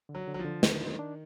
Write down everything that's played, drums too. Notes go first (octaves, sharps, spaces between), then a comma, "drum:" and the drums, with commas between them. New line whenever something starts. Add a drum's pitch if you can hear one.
D3
F#3
D3
F#3
F3
D3
D#3 D4, drum: snare
D4
D4